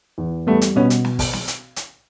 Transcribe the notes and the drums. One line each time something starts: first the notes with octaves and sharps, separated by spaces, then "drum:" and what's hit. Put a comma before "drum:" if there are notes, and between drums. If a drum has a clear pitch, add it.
E2
G3 A3 B3
drum: hi-hat
B2 B3 C#4
drum: hi-hat
drum: snare
drum: kick, open hi-hat
drum: snare
drum: hi-hat
drum: hi-hat